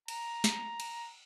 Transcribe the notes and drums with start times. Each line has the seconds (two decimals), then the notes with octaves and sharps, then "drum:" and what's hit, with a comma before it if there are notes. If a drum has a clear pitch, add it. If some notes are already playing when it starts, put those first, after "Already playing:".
0.08 A#5, drum: cymbal
0.44 drum: snare
0.80 drum: cymbal